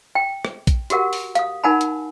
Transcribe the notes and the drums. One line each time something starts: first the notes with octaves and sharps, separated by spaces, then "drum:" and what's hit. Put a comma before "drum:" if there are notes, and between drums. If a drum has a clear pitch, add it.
G5
drum: rim click
drum: kick A#1, hi-hat
F#4 G4 A#4 F#5, drum: hi-hat
drum: open hi-hat
F5 D#6, drum: hi-hat
D#4 A#4 F#5 G#5 A5 B5
drum: hi-hat